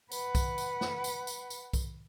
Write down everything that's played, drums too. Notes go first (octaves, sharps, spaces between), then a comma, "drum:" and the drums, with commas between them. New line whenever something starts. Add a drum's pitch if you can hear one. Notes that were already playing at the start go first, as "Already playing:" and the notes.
B4 F#5, drum: tambourine
drum: kick B1, tambourine
drum: tambourine
drum: snare
drum: tambourine
drum: tambourine
drum: tambourine
drum: kick B1, tambourine